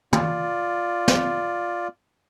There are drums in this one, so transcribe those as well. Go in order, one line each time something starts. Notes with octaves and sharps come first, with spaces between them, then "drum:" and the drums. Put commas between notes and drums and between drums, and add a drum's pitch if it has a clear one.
F4 D5, drum: tom
drum: snare